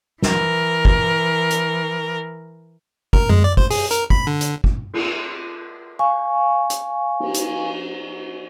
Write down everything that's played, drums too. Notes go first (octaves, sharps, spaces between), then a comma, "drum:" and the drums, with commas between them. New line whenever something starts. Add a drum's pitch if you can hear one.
E3 A#4, drum: snare
drum: kick
drum: hi-hat
A#4, drum: kick
G#3, drum: tom F#2
D5
C5, drum: kick
G#4, drum: open hi-hat
A#4, drum: hi-hat
B5, drum: kick
D3
drum: hi-hat
drum: kick
drum: cymbal
F5 G#5 C#6
drum: hi-hat
drum: cymbal
drum: hi-hat